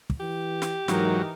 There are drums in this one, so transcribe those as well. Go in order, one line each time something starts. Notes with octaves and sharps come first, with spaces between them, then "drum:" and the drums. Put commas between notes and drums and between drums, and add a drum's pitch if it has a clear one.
drum: kick
E3 G4
drum: snare
G#2 E3 F#3 D#4 A#4, drum: snare